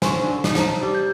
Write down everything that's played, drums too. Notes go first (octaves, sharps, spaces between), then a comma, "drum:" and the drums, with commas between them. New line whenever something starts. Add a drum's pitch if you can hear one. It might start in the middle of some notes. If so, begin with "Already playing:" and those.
C5 G#5 C#6, drum: snare
D3
D#4, drum: snare
C5 A5 A#5, drum: snare
G3
G6